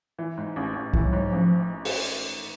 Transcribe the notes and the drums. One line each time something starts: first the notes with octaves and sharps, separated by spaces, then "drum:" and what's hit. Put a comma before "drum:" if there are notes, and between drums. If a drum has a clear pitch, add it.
E3
G#2
A1
A1
E3, drum: kick C2
F#3
G#2
A1 F3
drum: open hi-hat